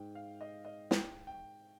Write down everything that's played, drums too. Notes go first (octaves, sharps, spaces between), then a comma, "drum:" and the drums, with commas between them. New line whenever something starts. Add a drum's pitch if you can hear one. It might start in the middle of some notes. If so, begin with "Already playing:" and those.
Already playing: G#2 G5
F5
D#5
D#5
G5, drum: snare
G5